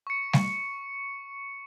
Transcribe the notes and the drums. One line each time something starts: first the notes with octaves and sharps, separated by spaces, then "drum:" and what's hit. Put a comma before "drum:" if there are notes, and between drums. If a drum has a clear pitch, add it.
C#6 C#7
drum: snare G3